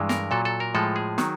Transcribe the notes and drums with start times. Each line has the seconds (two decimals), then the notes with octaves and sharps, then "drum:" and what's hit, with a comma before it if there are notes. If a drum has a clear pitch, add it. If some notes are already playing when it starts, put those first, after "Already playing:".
Already playing: G2 E3 G#3
0.09 A#4, drum: snare
0.31 A#2 F#3 A4
0.45 A4
0.60 A#4
0.75 A2 F3 G#3 A4
0.96 G#4
1.18 D#3 F#3, drum: snare